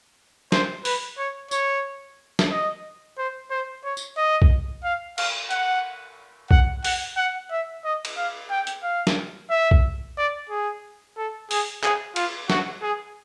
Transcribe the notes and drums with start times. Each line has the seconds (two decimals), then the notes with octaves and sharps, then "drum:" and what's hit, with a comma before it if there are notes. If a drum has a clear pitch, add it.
0.52 C5, drum: snare
0.85 B4, drum: open hi-hat
1.18 C#5
1.51 C#5, drum: tambourine
2.39 drum: snare
2.51 D#5
3.18 C5
3.51 C5
3.84 C#5
3.97 drum: tambourine
4.17 D#5
4.42 drum: kick B1
4.84 F5
5.18 F5, drum: cymbal
5.51 F#5, drum: hi-hat
6.51 F#5, drum: kick B1
6.85 F#5, drum: open hi-hat
7.17 F#5
7.51 E5
7.84 D#5
8.05 drum: cymbal
8.17 F5
8.51 G5
8.67 drum: hi-hat
8.83 F5
9.07 drum: snare
9.50 E5
9.71 drum: kick B1
10.18 D5
10.50 G#4
11.17 A4
11.51 G#4, drum: open hi-hat
11.84 G#4, drum: clap
12.16 F4, drum: cymbal
12.50 F#4, drum: snare
12.83 G#4